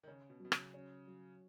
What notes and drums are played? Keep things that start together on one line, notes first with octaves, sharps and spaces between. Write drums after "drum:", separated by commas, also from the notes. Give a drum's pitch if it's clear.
D#3
C#3 C#4
B2
B2 F#3
C#3, drum: rim click
C#4
F#3